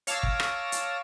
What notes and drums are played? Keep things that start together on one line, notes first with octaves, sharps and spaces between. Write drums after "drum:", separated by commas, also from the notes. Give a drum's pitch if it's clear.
C#5 F5 A5 D6 E6 A#6, drum: hi-hat
drum: kick
drum: rim click
drum: hi-hat